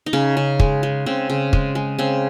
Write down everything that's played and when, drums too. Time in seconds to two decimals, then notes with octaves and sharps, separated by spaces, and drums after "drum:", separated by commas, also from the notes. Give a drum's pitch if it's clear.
0.06 D#4
0.13 C#3 C#4
0.37 C#3
0.60 G#3, drum: kick
0.83 G#3
1.06 C#3 C4
1.30 C#3
1.53 G#3, drum: kick
1.75 G#3
1.99 C#3 C4